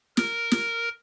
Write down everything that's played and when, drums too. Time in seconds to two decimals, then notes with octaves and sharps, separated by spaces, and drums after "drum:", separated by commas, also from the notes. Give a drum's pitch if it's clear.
0.17 A#4, drum: snare
0.51 drum: snare